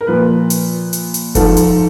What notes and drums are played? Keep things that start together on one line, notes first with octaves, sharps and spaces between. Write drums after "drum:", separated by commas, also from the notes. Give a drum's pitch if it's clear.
A#4
A#2 F3 B4
drum: hi-hat
drum: hi-hat
drum: hi-hat
G#2 F3 A4, drum: kick F1, hi-hat
drum: hi-hat